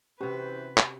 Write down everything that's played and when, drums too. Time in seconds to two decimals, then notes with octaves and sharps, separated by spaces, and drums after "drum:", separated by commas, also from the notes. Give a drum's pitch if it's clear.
0.21 C3 E3 C#4 E4 F#4 G4 B4 C5
0.77 drum: clap